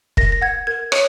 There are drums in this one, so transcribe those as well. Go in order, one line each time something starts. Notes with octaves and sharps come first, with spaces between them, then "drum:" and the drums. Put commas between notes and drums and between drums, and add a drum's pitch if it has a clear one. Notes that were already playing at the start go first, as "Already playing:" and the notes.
A#4 A#6, drum: kick
A#6
F#5 G#6
A#4 G#6
C#5, drum: rim click